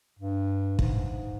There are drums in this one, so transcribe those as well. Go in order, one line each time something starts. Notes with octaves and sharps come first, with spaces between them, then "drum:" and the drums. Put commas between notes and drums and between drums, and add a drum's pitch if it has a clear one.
G2
G#2, drum: kick